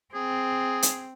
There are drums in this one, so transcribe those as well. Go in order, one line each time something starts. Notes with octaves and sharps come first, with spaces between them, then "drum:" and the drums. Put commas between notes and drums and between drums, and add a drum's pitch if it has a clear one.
C4 G#4
drum: hi-hat